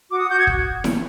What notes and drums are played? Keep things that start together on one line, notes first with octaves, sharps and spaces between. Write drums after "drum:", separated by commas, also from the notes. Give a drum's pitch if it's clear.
F#4 D6
D#6
F#4 G6
G#6
drum: kick
drum: snare E4